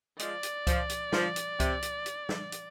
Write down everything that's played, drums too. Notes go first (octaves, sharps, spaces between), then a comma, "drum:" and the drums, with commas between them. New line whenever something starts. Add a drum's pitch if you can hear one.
F3 G#3 D5, drum: hi-hat
drum: hi-hat
F3, drum: kick C#2, hi-hat
drum: hi-hat
F3, drum: snare
drum: hi-hat
C3, drum: kick C#2, hi-hat
drum: hi-hat
drum: hi-hat
drum: snare
drum: hi-hat